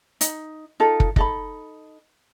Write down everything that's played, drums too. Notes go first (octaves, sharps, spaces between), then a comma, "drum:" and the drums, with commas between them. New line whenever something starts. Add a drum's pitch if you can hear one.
D#4, drum: hi-hat
D#4 F4 A4
drum: kick
D#4 A4 B5, drum: kick